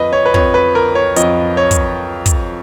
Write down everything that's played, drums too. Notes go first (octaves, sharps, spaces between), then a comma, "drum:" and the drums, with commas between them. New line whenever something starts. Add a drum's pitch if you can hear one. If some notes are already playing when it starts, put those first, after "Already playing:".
Already playing: F2 F3 B4 D#5
C#5
B4
F2 F3 C#5, drum: kick
B4
A#4
C#5
F2 F3 D#5, drum: hi-hat
C#5
drum: kick, hi-hat
drum: kick, hi-hat